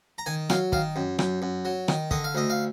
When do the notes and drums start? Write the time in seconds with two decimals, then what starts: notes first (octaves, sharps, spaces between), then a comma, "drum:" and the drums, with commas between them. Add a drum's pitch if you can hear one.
0.18 A#5
0.26 D#3 G#5
0.50 F#3 F5, drum: rim click
0.72 D#3 F5, drum: kick
0.96 F#2
1.19 F#2, drum: rim click
1.42 F#2
1.65 F#3
1.88 D#3, drum: rim click
2.11 D3 D#5, drum: kick
2.24 F5
2.35 D2 D#5
2.50 F5